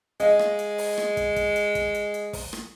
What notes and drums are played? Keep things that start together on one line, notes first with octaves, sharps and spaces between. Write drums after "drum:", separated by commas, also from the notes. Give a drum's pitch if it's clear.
G#3 D#5 F5, drum: hi-hat
drum: rim click
drum: hi-hat
drum: open hi-hat
drum: rim click
drum: kick, hi-hat
drum: kick, hi-hat
drum: hi-hat
drum: kick, hi-hat
drum: hi-hat
drum: hi-hat
drum: kick, open hi-hat
drum: rim click